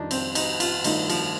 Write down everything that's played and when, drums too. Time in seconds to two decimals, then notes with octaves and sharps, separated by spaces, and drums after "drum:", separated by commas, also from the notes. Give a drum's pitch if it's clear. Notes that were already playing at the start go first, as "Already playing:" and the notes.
Already playing: F2 D#3 G3 D4 D#4
0.11 C4, drum: cymbal
0.35 D#4, drum: cymbal
0.60 F4, drum: cymbal
0.84 G2 D#3 A3 D4 D#4 F4, drum: cymbal
1.10 F3, drum: cymbal